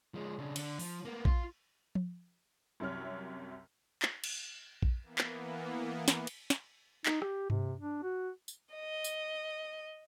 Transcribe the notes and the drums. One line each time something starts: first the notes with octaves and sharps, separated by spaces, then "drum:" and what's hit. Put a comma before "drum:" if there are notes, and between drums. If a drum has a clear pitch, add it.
F3 G#3
C#3 D4
D3, drum: cymbal
F3, drum: open hi-hat
A#3 B3
F4, drum: kick A#1
drum: tom F3
C2 F#2 C3 C#5 F6
drum: clap
drum: cymbal
drum: kick A#1
E3 A#3 B3
drum: clap
drum: snare
drum: cymbal
drum: snare
D#4, drum: clap
G4, drum: rim click
C3, drum: tom G2
D4
F#4
drum: tambourine
D#5
drum: tambourine